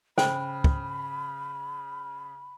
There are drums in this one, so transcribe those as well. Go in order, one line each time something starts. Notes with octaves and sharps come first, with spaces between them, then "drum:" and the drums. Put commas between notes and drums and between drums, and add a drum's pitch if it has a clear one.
C#3 C5 G5 B5, drum: snare
drum: kick